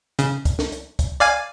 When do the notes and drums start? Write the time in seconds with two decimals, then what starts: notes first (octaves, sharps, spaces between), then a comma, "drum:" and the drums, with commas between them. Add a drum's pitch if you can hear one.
0.19 C#3, drum: hi-hat
0.45 drum: kick, hi-hat
0.59 drum: snare
0.72 drum: hi-hat
0.99 drum: kick, hi-hat
1.20 D5 F5 G#5